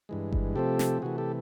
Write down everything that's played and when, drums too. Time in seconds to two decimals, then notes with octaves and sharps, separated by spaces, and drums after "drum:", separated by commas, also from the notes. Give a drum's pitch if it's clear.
0.09 G2 E3 G#3
0.32 drum: kick G1
0.56 C3 F3 A3 C4 G4 A4
0.79 drum: snare
1.02 C3 E3 A3 F#4 G#4
1.18 G4 A4